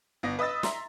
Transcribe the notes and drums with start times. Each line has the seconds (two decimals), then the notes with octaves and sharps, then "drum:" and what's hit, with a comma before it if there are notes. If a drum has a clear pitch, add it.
0.23 G1 B3 A#6
0.39 B4 D#5 D#6 E6 A6
0.63 E5 A#5 C6, drum: snare